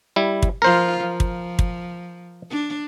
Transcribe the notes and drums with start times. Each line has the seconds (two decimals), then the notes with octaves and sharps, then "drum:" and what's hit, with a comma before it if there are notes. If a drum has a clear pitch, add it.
0.16 G3 E4
0.42 drum: kick
0.62 F3 F4 A#4 C5
1.00 F3
1.20 drum: kick
1.59 drum: kick
2.50 D4